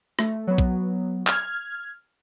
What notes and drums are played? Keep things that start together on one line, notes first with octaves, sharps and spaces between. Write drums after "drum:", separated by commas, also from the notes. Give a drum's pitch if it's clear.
A3, drum: rim click
F#3 B3
drum: kick
F6 G#6, drum: clap